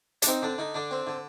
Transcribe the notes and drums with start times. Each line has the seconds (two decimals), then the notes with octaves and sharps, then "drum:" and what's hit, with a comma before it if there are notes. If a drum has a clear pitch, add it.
0.22 D4, drum: hi-hat
0.27 C4 D#4
0.42 D3 D4
0.58 D3 D#4
0.74 D3 D4
0.91 C4
1.07 D3